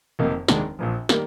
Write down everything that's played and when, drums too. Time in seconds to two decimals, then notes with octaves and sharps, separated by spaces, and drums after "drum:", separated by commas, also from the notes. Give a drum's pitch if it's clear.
0.19 F1 F2 D#3 A#3 D#4
0.48 F1 D#2 D#3 G#3 D4, drum: snare
0.79 A#1 A#2 F3
1.09 D#3 G3 A#3, drum: snare